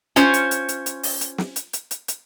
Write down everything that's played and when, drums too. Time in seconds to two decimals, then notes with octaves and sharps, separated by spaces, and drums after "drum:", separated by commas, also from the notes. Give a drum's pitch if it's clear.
0.16 C#4 F4 C5 C#5, drum: hi-hat
0.34 drum: hi-hat
0.51 drum: hi-hat
0.68 drum: hi-hat
0.86 drum: hi-hat
1.03 drum: open hi-hat
1.21 drum: hi-hat
1.38 drum: snare
1.56 drum: hi-hat
1.73 drum: hi-hat
1.91 drum: hi-hat
2.08 drum: hi-hat